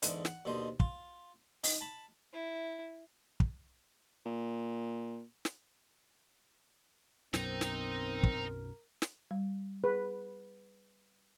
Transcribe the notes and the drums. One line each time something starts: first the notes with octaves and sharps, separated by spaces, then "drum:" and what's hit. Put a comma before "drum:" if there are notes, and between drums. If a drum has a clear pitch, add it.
E2 G#2 D3, drum: hi-hat
F#5, drum: snare
D#2 B2 D3 C5 D#5
F4, drum: kick
D#4, drum: open hi-hat
A5 B5
E4
drum: kick
A#2
drum: snare
B1 F#2 B2 C4 D#4 A#4 A#5, drum: snare
drum: snare
drum: kick
drum: snare
G3
G#4 B4